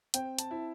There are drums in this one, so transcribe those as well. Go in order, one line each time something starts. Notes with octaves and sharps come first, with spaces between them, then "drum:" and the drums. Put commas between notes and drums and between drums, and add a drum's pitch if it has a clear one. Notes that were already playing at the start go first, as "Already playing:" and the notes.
C4 G5, drum: hi-hat
A5, drum: hi-hat
E4